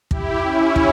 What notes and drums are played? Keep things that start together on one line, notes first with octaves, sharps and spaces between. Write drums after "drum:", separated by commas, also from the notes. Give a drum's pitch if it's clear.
E4 G4, drum: kick
C#4 E4
drum: kick